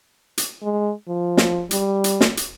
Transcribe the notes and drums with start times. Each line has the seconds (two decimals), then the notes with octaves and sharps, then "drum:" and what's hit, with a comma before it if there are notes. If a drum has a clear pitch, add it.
0.38 drum: hi-hat
0.63 G#3
1.08 F3
1.37 drum: snare
1.71 G3, drum: hi-hat
2.04 drum: hi-hat
2.21 drum: snare
2.37 drum: hi-hat